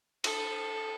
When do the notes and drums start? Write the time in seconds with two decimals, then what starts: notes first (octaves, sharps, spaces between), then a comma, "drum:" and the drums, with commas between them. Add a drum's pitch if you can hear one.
0.24 A4, drum: cymbal